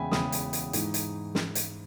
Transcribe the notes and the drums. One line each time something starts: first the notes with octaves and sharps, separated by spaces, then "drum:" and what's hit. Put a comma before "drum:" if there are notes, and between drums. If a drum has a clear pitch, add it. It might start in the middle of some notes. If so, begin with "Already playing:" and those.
Already playing: E2 C#3 G#3 B3 E5 G5 G#5 B5
E2 C#3 G#3 B3 B5 D#6, drum: snare
drum: hi-hat
drum: hi-hat
G#2 E3 G#3 D#4, drum: hi-hat
drum: hi-hat
drum: snare
drum: hi-hat